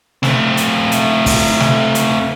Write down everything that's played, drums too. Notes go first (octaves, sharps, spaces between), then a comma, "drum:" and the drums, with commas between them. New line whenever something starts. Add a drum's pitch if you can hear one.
A3 C4, drum: snare
drum: hi-hat
drum: hi-hat
drum: kick, open hi-hat
drum: snare
drum: hi-hat